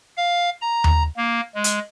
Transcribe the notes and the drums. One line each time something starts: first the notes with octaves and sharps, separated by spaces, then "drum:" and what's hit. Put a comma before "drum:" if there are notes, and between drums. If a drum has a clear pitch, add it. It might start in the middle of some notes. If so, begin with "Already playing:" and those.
F5
A#5
drum: tom D#2
A#3
G#3
drum: hi-hat